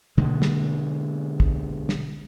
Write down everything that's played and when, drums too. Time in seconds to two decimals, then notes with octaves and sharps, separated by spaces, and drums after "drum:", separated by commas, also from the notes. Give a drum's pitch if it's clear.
0.17 B2 D3 G#3 A#3
0.42 drum: snare
1.40 drum: kick
1.89 drum: snare